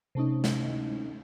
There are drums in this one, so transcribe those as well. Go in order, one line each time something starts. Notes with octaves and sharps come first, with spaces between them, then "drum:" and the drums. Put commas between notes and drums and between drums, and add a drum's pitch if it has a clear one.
C3 A3 C#4 D#4
drum: snare